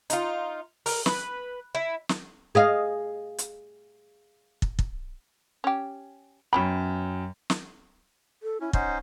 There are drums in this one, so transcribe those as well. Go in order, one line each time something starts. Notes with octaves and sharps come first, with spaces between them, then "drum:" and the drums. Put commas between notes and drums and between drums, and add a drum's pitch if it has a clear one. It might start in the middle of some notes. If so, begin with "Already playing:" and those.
D#4 F4, drum: hi-hat
A#4, drum: open hi-hat
B4, drum: snare
E4
drum: snare
G#4 D#5 F5
drum: hi-hat
drum: kick
drum: kick
C#4 G4
F#2 B3 C#4 G5 B5
drum: snare
A4
C#4 E4
C#4 D#4 C5 F#5, drum: kick